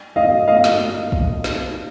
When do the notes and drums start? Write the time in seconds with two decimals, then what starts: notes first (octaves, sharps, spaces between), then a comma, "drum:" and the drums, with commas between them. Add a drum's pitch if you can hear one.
0.16 D#5 F5
0.48 D#5 F5
0.64 drum: snare
1.12 drum: kick
1.44 drum: snare